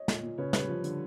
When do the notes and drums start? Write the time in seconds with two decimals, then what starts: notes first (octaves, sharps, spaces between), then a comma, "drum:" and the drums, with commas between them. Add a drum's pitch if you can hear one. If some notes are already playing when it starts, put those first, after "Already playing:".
Already playing: C#5 D#5
0.08 A#2, drum: snare
0.23 A#2
0.38 C#3 B4 C#5
0.53 G3 B4 C#5, drum: snare
0.69 F3
0.84 D3, drum: hi-hat